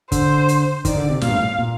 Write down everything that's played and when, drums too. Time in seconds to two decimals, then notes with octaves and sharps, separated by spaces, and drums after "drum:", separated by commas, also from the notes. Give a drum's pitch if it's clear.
0.12 D3 C5, drum: kick, hi-hat
0.49 drum: hi-hat
0.85 D#3 D5, drum: kick, hi-hat
0.97 D3
1.10 C3
1.21 A#2 F5, drum: snare
1.28 G2
1.35 A2
1.59 A#2